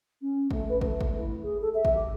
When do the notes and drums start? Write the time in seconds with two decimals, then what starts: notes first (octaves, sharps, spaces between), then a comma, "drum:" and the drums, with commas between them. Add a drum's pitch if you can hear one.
0.21 C#4
0.51 A3, drum: kick
0.69 B4
0.81 A3, drum: kick
1.01 drum: kick
1.17 E4
1.42 G#4
1.61 A4
1.74 E5
1.85 drum: kick
1.94 G4